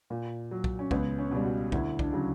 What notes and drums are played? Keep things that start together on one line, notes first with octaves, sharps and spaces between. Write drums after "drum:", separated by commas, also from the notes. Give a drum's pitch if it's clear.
A#2
F#3
drum: kick B1
C#4
C#2 B3, drum: kick B1
C#4
B2 G3
F#4
D2 E4, drum: kick B1
D4, drum: kick B1
C#3 F#3